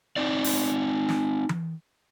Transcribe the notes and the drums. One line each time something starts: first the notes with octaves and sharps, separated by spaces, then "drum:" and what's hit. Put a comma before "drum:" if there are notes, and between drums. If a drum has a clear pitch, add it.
C4 D#4 D5
drum: open hi-hat
drum: snare
drum: tom E3